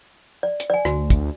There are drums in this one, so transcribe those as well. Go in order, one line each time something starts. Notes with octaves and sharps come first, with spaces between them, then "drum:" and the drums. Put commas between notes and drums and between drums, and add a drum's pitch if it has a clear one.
D5
drum: hi-hat
D5 G#5
D2 F#4, drum: rim click
drum: kick, hi-hat